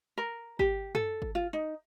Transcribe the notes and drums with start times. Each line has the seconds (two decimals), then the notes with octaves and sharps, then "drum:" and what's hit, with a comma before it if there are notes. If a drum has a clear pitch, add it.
0.18 A#4
0.59 G4, drum: kick
0.95 A4, drum: tom
1.22 drum: kick
1.35 F4
1.53 D#4